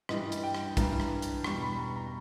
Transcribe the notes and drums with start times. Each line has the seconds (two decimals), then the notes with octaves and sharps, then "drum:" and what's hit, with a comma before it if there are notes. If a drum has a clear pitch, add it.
0.09 G2 E3 G3 D#5, drum: rim click
0.32 drum: hi-hat
0.43 G5
0.55 drum: rim click
0.77 G2 E3 G3 A#5, drum: kick, hi-hat
1.00 drum: rim click
1.22 drum: hi-hat
1.44 E2 B2 G3 C#6, drum: rim click
1.62 B5
1.78 A#5
1.96 A#5